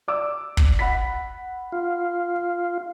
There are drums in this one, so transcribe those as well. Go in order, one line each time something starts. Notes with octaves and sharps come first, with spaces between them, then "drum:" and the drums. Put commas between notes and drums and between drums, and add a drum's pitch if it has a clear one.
D5 D6 E6
drum: kick
F#5 B5 B6
F4